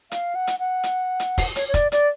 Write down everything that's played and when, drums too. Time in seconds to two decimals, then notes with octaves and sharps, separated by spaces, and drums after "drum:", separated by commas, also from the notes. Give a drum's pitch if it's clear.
0.11 F5, drum: hi-hat
0.35 F#5
0.47 drum: hi-hat
0.59 F#5
0.83 drum: hi-hat
1.20 drum: hi-hat
1.38 drum: kick, open hi-hat
1.56 C#5, drum: hi-hat
1.68 C#5
1.74 D5, drum: kick, hi-hat
1.92 D5, drum: hi-hat